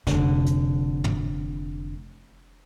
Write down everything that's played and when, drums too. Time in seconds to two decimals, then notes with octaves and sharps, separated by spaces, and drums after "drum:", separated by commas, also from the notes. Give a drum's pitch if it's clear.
0.07 F1 D3, drum: snare
0.46 drum: hi-hat
1.04 drum: tom